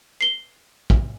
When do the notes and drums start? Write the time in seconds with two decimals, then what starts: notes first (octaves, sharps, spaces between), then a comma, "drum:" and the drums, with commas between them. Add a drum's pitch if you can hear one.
0.21 C7 G7
0.90 drum: kick